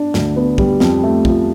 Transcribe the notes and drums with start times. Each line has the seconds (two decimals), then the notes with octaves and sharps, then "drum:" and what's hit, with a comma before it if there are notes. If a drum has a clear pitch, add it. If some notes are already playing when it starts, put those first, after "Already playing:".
Already playing: D4
0.14 D2, drum: snare
0.36 B3
0.58 G3, drum: kick
0.80 F2, drum: snare
1.03 A3
1.25 F3, drum: kick